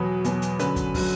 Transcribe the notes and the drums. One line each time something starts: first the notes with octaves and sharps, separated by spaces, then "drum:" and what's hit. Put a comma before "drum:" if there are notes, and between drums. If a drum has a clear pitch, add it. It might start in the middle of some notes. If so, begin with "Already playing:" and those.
Already playing: E2 B2 F#3 B4
E2 B2 F#3, drum: hi-hat
drum: hi-hat
F#2 D3 F#3 B4, drum: hi-hat
drum: kick, hi-hat
D3 F#3, drum: kick, open hi-hat